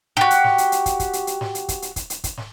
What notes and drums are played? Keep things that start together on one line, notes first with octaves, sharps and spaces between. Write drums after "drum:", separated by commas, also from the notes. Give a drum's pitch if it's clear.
F#4 G4, drum: snare
drum: hi-hat
drum: snare
drum: hi-hat
drum: hi-hat
drum: kick, hi-hat
drum: kick, hi-hat
drum: hi-hat
drum: hi-hat
drum: snare
drum: hi-hat
drum: kick, hi-hat
drum: hi-hat
drum: kick, hi-hat
drum: hi-hat
drum: kick, hi-hat
drum: snare